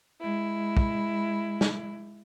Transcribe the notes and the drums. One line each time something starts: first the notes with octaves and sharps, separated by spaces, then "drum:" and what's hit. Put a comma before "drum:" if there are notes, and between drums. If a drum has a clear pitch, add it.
G#3 E4
drum: kick
drum: snare